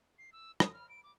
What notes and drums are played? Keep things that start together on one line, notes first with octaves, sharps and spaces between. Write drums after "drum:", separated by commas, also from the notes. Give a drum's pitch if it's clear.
C7
E6
D#6, drum: rim click
F6
D7
D6